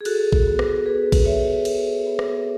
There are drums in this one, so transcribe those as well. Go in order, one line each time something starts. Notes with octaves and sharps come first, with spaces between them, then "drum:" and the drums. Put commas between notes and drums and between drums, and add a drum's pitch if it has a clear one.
G#4
F#4 A4, drum: cymbal
drum: kick A1
B3
drum: rim click
B3 G#4 B4
drum: kick A1, cymbal
F#4 C#5 E5
F#4, drum: cymbal
B3
drum: rim click